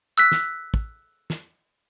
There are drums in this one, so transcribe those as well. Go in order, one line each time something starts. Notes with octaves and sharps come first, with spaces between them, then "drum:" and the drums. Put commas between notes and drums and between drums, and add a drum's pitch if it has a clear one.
E6 F#6 B6
drum: snare
drum: kick
drum: snare